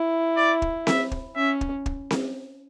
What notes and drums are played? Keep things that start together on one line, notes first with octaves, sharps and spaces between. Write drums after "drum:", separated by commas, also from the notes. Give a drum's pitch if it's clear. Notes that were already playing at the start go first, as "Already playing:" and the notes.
Already playing: E4
D5
drum: kick
E5, drum: snare C4
drum: kick
C#4 E5
drum: kick
drum: kick
drum: snare C4